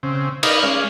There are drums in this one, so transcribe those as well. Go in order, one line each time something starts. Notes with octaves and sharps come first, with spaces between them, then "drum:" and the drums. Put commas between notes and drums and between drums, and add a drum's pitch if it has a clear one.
C#3 C4
D#4 A#4 B4 D5 D#5 F5, drum: cymbal
G#3 C#4 D5 F5